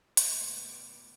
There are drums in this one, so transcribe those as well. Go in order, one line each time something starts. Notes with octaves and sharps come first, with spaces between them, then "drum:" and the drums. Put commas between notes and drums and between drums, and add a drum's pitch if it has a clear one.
D2 A#2 G3 B3 D6, drum: hi-hat